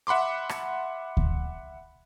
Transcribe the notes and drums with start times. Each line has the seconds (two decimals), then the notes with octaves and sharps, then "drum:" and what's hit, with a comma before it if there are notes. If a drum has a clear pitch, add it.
0.07 E5 F#5 B5 C6 D6
0.49 drum: rim click
1.17 drum: kick D2